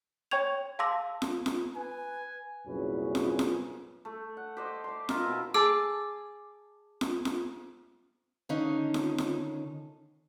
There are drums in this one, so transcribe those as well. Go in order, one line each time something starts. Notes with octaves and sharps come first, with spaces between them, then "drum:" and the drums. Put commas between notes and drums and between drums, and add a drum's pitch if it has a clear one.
C#5 G5 C#6 G#6 F7
F5 A5 C6 D6 E6 A#6
drum: snare F4
drum: snare F4
B4 G#5
C2 F#2 A#2 C#4 G#4 B4
drum: snare F4
drum: snare F4
A3
F#5
G4 C5 D#5
C6 D6
F4 A#4 D#5 E5, drum: snare F4
B2 E4
G#4 A5 D6 E6
drum: snare F4
drum: snare F4
D3 D#3 C#4 D#4
drum: snare F4
drum: snare F4